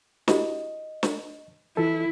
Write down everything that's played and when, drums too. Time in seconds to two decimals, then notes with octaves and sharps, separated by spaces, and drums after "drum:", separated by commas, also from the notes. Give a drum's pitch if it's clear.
0.28 E4 F#4 G4 D#5, drum: snare
1.03 drum: snare
1.77 E3 E4 A4